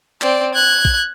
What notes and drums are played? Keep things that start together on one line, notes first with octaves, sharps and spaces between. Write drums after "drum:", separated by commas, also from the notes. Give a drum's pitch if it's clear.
C4 D5, drum: clap
F#6 G#6
drum: kick